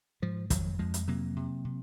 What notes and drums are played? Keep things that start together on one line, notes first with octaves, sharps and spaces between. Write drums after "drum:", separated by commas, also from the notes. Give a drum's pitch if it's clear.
G#2 F3
F2 D#3 F#3, drum: kick, hi-hat
F2 F3 G#3
drum: hi-hat
C3 F#3 A#3
C3
C3